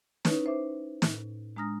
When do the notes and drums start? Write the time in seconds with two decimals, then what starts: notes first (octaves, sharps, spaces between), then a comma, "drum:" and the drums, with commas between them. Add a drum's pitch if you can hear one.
0.25 C#4 D#4 E4 B4 C#5, drum: snare
0.46 C5 E5 D6
1.02 A2, drum: snare
1.56 G#3 D4 A#5 D#6 F6 A#6